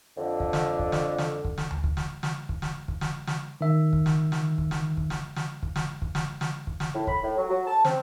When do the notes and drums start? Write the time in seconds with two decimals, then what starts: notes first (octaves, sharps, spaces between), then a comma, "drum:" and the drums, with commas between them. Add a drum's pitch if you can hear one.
0.17 F2 D3
0.40 drum: kick
0.53 drum: snare
0.79 drum: kick
0.92 drum: snare
1.18 drum: snare
1.45 drum: kick
1.58 drum: snare
1.71 drum: tom D2
1.84 drum: kick
1.97 drum: snare
2.23 drum: snare
2.49 drum: kick
2.62 drum: snare
2.88 drum: kick
3.01 drum: snare
3.27 drum: snare
3.61 D#3 E5
3.93 drum: kick
4.06 drum: snare
4.32 drum: snare
4.58 drum: kick
4.71 drum: snare
4.97 drum: kick
5.10 drum: snare
5.36 drum: snare
5.63 drum: kick
5.76 drum: snare
6.02 drum: kick
6.15 drum: snare
6.41 drum: snare
6.67 drum: kick
6.80 drum: snare
6.94 A2
7.07 B5, drum: kick
7.23 A2
7.38 F#3
7.50 F#3
7.67 A5
7.85 C4, drum: snare